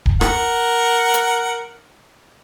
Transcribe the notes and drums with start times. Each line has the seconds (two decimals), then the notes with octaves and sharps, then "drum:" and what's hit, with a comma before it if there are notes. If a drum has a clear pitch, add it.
0.06 drum: kick D1
0.21 A#4 F#5, drum: rim click
1.14 drum: hi-hat